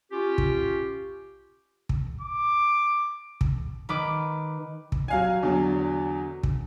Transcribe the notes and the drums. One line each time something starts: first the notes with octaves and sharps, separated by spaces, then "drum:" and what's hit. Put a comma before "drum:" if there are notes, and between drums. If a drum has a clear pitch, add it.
C#4 F4 G4
drum: kick
drum: kick
D6
drum: kick
D#3 B4 D6
drum: kick
F#3 F5 G#5
E2 D3 F#3
drum: kick